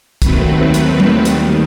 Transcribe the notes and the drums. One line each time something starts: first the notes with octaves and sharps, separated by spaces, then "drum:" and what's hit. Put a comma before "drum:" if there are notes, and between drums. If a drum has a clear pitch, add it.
D#2 D#3 F#3 A3 C4 B4, drum: kick, hi-hat
drum: hi-hat
drum: tom F#3
D#2 D#3 G3, drum: hi-hat